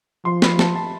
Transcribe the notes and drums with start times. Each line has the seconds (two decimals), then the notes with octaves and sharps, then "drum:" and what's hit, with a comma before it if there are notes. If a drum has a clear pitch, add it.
0.25 F3 C6
0.42 B5, drum: snare
0.59 A5, drum: snare
0.75 A5